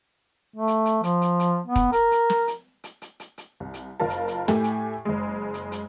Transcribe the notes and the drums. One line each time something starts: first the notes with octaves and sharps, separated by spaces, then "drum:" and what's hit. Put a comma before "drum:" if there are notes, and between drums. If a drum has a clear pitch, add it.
A3
drum: hi-hat
drum: hi-hat
F3, drum: hi-hat
drum: hi-hat
drum: hi-hat
B3
drum: kick, hi-hat
A#4, drum: hi-hat
drum: hi-hat
drum: snare
drum: hi-hat
drum: hi-hat
drum: hi-hat
drum: hi-hat
drum: hi-hat
C2
drum: hi-hat
F#1 F4 A#4 A5
drum: hi-hat
drum: hi-hat
A2 A3 G4 G#5, drum: snare
drum: hi-hat
F#1 G#3
drum: hi-hat
drum: hi-hat